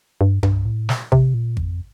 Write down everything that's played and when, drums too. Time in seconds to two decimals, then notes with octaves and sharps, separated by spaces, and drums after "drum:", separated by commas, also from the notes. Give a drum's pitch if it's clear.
0.21 G2
0.43 G2, drum: tom C2
0.66 A2
0.89 drum: snare
1.12 C3, drum: kick G#1
1.34 A#2
1.57 F2, drum: kick G#1